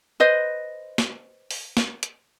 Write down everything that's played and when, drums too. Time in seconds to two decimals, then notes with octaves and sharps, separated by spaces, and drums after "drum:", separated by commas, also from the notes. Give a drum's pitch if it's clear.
0.20 B4 C5 D#5
0.98 drum: snare
1.51 drum: open hi-hat
1.77 drum: snare
2.03 drum: hi-hat